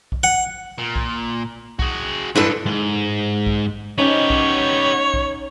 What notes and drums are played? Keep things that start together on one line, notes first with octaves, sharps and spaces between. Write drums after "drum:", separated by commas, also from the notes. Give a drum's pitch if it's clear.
drum: kick
F#5
A#2
drum: kick
F#4 G#4, drum: kick
G2 E3 G#3 D4 A4
G#2
drum: kick
B3 C#4 D#4 G4 C#5
drum: kick
drum: kick